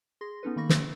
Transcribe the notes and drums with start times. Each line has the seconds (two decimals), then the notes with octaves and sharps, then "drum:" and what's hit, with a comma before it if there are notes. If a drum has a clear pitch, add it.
0.21 G#4 C6 A#6
0.43 B3 C#4 D#4 A4 B4
0.56 D#3 A#3 B5 C#6 A#6
0.69 E6, drum: snare